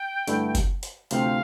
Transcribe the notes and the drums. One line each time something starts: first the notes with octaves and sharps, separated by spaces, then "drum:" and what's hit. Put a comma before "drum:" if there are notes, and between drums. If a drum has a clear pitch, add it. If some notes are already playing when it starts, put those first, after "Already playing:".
Already playing: G5
G2 D3 A3 E4, drum: hi-hat
drum: kick, hi-hat
drum: hi-hat
D2 C3 F3 C4 F5, drum: hi-hat